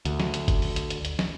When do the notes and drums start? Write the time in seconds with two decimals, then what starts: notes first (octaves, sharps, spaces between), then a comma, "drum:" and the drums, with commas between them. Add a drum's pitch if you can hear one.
0.05 D2, drum: hi-hat
0.20 drum: snare
0.34 drum: hi-hat
0.48 drum: kick F#1, hi-hat
0.62 drum: open hi-hat
0.76 drum: hi-hat
0.90 drum: hi-hat
1.05 drum: hi-hat
1.19 drum: snare